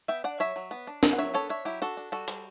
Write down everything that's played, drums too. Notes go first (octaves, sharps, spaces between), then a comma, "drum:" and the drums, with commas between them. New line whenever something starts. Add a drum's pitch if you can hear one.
B3 E5 G5
D4 D5 F#5
F#3 C#5 E5
F#3
B3
D4
F#3, drum: snare
F#5
F#3 C#5 E5
B3 A4 C#5
D4 C#5 E5
F#3 E4 G4
D4 F#4 A4
D4
G3 F#4 A4
G3, drum: hi-hat